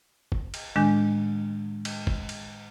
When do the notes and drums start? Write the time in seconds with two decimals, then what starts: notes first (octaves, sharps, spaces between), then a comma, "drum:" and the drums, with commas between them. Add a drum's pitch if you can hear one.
0.32 drum: kick
0.54 drum: cymbal
0.76 A2 D#3 G#3 D4 G#5 G6
1.85 drum: cymbal
2.07 drum: kick
2.29 drum: cymbal